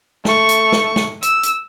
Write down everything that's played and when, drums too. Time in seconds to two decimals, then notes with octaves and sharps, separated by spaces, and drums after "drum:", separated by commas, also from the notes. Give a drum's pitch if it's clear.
0.25 A3 C#6, drum: snare
0.49 drum: hi-hat
0.72 drum: snare
0.96 drum: snare
1.22 E6, drum: hi-hat
1.43 drum: hi-hat